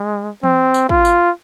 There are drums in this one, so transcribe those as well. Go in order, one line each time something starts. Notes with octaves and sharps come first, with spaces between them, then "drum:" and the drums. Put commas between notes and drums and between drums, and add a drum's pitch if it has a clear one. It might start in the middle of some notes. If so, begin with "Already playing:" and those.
Already playing: G#3
C4, drum: tom E3
drum: tambourine
F4, drum: kick
drum: tambourine